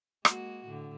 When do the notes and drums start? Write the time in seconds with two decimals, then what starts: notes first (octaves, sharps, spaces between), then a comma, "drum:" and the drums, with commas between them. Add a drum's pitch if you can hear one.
0.25 G#3 A#3 F#4, drum: rim click
0.66 A2 D3